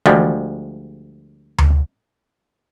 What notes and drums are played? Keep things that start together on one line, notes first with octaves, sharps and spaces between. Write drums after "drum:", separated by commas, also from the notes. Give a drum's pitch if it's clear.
D2 F3 G3 G#3, drum: tom E3
drum: tom D2